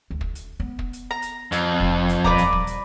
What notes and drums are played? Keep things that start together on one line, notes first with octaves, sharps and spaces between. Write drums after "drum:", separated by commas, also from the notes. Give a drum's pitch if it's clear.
D2
drum: kick
drum: hi-hat
B3
drum: kick
drum: hi-hat
A#5
drum: hi-hat
F2, drum: hi-hat
F1 D4
drum: hi-hat
D#1 B4 D5 A#5, drum: kick
drum: hi-hat
drum: kick
drum: hi-hat